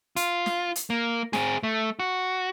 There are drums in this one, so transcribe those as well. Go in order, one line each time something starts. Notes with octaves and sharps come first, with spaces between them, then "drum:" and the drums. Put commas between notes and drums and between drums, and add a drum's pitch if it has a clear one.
F4, drum: hi-hat
drum: snare
drum: hi-hat
A#3
C4 G#4, drum: snare
A3
F#4